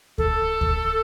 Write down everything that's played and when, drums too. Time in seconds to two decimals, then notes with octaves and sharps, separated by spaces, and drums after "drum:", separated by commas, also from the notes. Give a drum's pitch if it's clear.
0.18 A4, drum: kick D2
0.61 drum: kick D2